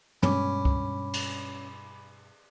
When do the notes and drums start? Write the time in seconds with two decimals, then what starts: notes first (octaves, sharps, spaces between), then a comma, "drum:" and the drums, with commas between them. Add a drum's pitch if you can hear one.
0.23 G2 B2 G#3 C#4 B5 D6, drum: tom
0.65 drum: kick C#2
1.13 drum: cymbal